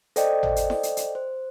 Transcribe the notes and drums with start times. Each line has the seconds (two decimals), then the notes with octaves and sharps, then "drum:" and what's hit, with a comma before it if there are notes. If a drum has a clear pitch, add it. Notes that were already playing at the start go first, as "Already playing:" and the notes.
0.16 A4 C5 D5 D#5 G5, drum: hi-hat
0.43 drum: tom G#1
0.56 drum: hi-hat
0.70 drum: snare E4
0.83 drum: hi-hat
0.97 drum: hi-hat
1.15 C5